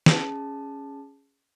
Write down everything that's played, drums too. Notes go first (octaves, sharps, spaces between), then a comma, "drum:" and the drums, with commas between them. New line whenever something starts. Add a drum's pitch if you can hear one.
C#4 G#4 A5, drum: snare